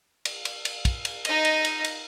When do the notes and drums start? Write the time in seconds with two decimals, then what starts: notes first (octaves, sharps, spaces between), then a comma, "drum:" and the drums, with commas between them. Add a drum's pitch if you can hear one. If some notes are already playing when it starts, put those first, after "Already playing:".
0.25 drum: cymbal
0.45 drum: cymbal
0.65 drum: cymbal
0.85 drum: kick, cymbal
1.05 drum: cymbal
1.25 D#4 D#5, drum: cymbal
1.45 drum: cymbal
1.65 drum: cymbal
1.84 drum: cymbal